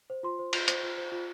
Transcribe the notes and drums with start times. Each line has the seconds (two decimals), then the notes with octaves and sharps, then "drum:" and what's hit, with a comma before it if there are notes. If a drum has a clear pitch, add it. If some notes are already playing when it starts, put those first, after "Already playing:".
0.10 C5
0.23 F4 C6
0.39 C5
0.53 F4, drum: cymbal
0.68 C5, drum: hi-hat
0.83 F4
0.98 C5
1.12 F4